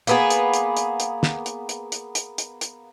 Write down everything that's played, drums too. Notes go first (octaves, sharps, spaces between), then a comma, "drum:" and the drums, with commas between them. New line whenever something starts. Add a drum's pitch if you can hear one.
A#3 B3 G#4, drum: hi-hat
drum: hi-hat
drum: hi-hat
drum: hi-hat
drum: hi-hat
drum: snare
drum: hi-hat
drum: hi-hat
drum: hi-hat
drum: hi-hat
drum: hi-hat
drum: hi-hat